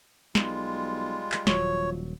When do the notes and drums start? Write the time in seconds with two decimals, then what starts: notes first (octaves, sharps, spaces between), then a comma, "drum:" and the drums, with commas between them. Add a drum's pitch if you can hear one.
0.35 B1 G3 G#3 F4, drum: snare
1.32 drum: clap
1.47 D#1 F3 F#3 C#5, drum: snare